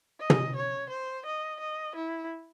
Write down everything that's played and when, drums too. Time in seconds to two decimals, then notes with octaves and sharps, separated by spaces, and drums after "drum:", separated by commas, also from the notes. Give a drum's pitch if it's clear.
0.20 D#5
0.30 drum: tom
0.56 C#5
0.90 C5
1.26 D#5
1.60 D#5
1.96 E4